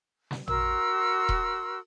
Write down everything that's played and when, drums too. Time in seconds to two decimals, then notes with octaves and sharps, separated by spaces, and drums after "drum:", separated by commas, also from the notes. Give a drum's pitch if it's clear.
0.31 drum: snare
0.47 F#4 A#4 C6 E6, drum: tom
1.29 drum: kick D#1